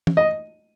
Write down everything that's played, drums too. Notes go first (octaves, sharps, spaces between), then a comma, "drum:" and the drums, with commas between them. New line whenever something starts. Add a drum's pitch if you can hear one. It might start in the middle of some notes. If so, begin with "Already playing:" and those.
drum: tom E3
D#5